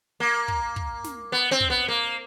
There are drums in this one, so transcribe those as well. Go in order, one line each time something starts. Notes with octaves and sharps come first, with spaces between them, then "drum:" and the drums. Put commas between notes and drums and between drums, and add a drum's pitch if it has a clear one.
A#3
drum: kick
drum: kick
drum: snare
B3
C4
drum: kick
B3
A#3